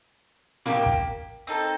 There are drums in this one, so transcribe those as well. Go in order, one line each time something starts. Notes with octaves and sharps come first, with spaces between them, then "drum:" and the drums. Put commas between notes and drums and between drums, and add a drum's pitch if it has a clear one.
A#3 D#4 G4, drum: tom
drum: kick
C4 D#4 A4